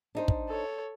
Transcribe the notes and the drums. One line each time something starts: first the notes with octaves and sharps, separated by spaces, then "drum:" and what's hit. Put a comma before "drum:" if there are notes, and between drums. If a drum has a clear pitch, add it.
D4 D#4 C5
drum: kick
A4 C#5